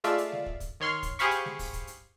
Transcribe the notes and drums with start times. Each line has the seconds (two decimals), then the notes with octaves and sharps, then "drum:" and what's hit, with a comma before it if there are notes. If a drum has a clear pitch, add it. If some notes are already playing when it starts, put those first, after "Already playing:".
0.04 G#3 A3 F4 D5 E5 F5, drum: hi-hat
0.18 drum: hi-hat
0.32 drum: snare
0.46 drum: kick
0.60 drum: kick, hi-hat
0.80 D#3 C#5 C6 F6
1.03 drum: kick, hi-hat
1.19 G4 G#4 C5 F5 B5 C#6, drum: hi-hat
1.31 drum: hi-hat
1.45 drum: snare
1.59 drum: kick, open hi-hat
1.73 drum: kick, hi-hat
1.87 drum: hi-hat